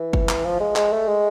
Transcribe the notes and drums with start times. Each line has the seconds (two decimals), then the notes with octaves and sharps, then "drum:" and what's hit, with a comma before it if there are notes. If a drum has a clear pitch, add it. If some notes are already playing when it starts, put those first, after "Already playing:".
Already playing: E3
0.13 drum: kick F#1
0.29 drum: clap
0.45 F3
0.60 G#3
0.76 G#3, drum: clap
0.92 A3
1.08 G#3